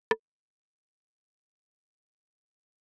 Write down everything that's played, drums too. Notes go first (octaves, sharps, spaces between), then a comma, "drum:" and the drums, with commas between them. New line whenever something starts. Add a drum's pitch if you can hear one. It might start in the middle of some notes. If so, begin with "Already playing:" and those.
G2 C#3 E4, drum: rim click
F2 F3 G#6 D7